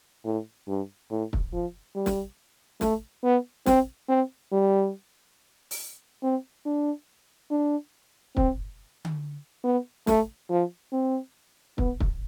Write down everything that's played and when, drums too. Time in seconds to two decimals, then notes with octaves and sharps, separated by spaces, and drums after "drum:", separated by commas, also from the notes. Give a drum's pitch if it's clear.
0.25 A2
0.68 G2
1.10 A2
1.33 drum: kick
1.53 F3
1.96 G3
2.06 drum: snare
2.81 A3, drum: snare
3.24 B3
3.66 C4, drum: snare
4.09 C4
4.52 G3
5.71 drum: open hi-hat
6.23 C4
6.66 D4
7.51 D4
8.37 C4, drum: kick
9.05 drum: tom D3
9.64 B3
10.07 A3, drum: snare
10.50 F3
10.93 C4
11.78 B3, drum: kick
12.00 drum: kick